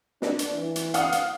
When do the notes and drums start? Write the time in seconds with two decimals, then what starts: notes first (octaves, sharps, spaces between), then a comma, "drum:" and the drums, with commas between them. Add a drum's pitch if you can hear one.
0.22 D4, drum: snare
0.39 drum: hi-hat
0.53 E3
0.76 drum: hi-hat
0.94 F5 F#5 D#6, drum: hi-hat
1.12 drum: hi-hat